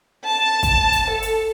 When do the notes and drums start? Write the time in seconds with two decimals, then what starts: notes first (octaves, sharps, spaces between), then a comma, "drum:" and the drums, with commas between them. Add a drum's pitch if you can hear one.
0.24 A5
0.63 drum: kick, hi-hat
0.93 drum: hi-hat
1.08 A4
1.22 drum: hi-hat